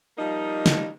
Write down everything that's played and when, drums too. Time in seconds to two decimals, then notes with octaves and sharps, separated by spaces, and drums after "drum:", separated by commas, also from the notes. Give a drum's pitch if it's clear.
0.18 F3 G3 A#3 D#4
0.66 drum: snare